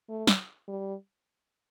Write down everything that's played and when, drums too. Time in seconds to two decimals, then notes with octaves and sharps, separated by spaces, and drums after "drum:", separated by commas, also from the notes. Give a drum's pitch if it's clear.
0.09 A3
0.27 drum: snare
0.68 G3